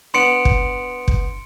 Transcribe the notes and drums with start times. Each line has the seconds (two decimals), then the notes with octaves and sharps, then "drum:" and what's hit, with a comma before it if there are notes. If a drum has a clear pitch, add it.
0.14 B3 D4 C6 C#7 D7
0.45 drum: kick
1.08 drum: kick